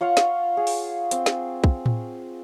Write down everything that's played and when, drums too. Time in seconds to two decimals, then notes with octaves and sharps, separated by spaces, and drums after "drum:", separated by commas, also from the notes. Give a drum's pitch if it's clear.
0.01 F4 C#5 F5 F#5
0.17 drum: snare
0.57 G#4
0.67 drum: open hi-hat
1.11 C4, drum: hi-hat
1.26 drum: snare
1.64 drum: kick
1.86 drum: tom A2